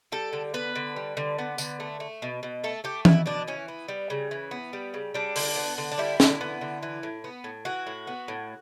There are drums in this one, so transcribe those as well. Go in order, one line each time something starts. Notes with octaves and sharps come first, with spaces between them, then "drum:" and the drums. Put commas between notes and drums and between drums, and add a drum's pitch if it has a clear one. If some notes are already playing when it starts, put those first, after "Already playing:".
G3 A4
D3
B3 B4
D3
G3
D3
B3
D3, drum: tambourine
A3
A3
B2
B2
A3 A4
A3 G4
B2 E4, drum: tom
B2 D4
E3 C#4
B3
G3
C#3
E3
B3
G3
C#3
G3 D4
D3, drum: open hi-hat
B3
D3
D4
G3 E4
D3, drum: snare
B3
D3
E3
A2
B3
A2
E3 F#4
A2
B3
A2